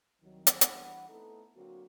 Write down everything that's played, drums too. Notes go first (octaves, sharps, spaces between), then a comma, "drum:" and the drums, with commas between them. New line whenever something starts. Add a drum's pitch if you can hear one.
C2 D#3 F#3
drum: hi-hat
E3 G3 D4 B4 F#5, drum: hi-hat
A3 B3 C4 D#4 E4 A4
D3 F#3 A#3 C4 F#4